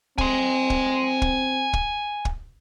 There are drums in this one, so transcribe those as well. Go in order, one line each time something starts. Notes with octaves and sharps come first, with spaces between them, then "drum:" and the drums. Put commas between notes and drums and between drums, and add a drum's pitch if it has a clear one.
C4 G#5 C6, drum: kick
drum: kick
drum: kick
drum: kick
drum: kick